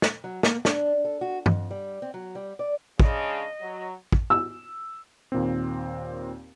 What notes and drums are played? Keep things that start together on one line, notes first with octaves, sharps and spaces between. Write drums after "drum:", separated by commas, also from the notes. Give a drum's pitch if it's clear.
drum: snare
F#3
A#3, drum: snare
D4, drum: snare
A4
F#4
F2, drum: tom
G3
C4
F#3
G3
D5
C#3 G#3 D4 D#5, drum: kick
F#3
drum: kick
E6
D#2 A#2 C4